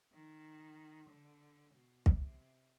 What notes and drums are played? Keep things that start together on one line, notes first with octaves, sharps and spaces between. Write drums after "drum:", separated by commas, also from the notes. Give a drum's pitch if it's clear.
D#3
D3
B2
C3, drum: kick